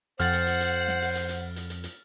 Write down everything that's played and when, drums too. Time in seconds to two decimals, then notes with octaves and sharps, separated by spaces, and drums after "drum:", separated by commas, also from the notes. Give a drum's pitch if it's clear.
0.20 F2 C5 F#5 F6 A6, drum: hi-hat
0.33 drum: hi-hat
0.47 drum: hi-hat
0.61 drum: hi-hat
0.88 drum: snare
1.02 drum: open hi-hat
1.15 drum: hi-hat
1.29 drum: hi-hat
1.56 drum: hi-hat
1.70 drum: hi-hat
1.84 drum: hi-hat